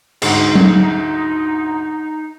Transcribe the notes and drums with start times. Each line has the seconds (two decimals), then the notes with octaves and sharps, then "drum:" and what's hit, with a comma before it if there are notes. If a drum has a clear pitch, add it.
0.22 D2 G#2 D#4, drum: cymbal
0.55 drum: tom F#3